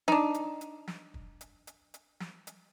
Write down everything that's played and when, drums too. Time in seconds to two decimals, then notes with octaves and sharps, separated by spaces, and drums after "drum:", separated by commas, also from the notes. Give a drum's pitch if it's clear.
0.08 D4 D#4, drum: snare
0.34 drum: hi-hat
0.61 drum: hi-hat
0.88 drum: snare
1.14 drum: kick
1.41 drum: hi-hat
1.67 drum: hi-hat
1.94 drum: hi-hat
2.20 drum: snare
2.47 drum: hi-hat